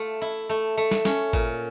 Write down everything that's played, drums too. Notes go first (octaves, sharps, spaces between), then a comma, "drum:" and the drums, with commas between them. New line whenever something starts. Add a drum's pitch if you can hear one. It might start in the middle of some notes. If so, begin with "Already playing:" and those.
Already playing: A3 F4
E4
A3
A3
drum: snare
C#4, drum: snare
A#2, drum: kick